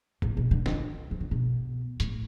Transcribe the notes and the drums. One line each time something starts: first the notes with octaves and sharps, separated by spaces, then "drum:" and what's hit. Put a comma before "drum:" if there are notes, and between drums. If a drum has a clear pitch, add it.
A2, drum: kick
B2
D3
D3, drum: snare
E3
D3
B2
A2, drum: hi-hat